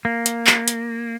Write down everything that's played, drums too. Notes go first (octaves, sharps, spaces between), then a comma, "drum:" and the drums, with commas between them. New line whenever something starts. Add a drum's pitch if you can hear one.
A#3
drum: hi-hat
drum: clap
drum: hi-hat